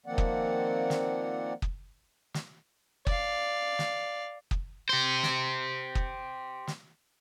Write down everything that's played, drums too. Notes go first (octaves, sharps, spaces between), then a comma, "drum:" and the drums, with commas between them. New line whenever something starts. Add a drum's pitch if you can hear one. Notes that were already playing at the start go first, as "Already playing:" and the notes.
D#3 F3 A#3 C4 D5 F#5
drum: kick
drum: snare
drum: kick
drum: snare
D5 F5, drum: kick
drum: snare
drum: kick
G4 C5
drum: snare
drum: kick
drum: snare